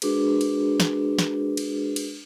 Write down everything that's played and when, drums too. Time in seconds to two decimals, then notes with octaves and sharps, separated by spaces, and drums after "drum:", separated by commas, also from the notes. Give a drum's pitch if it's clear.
0.02 G#3 D4 F#4 G#4 A#4 B4, drum: cymbal
0.41 drum: cymbal
0.80 drum: snare
1.19 drum: snare
1.57 drum: cymbal
1.96 drum: cymbal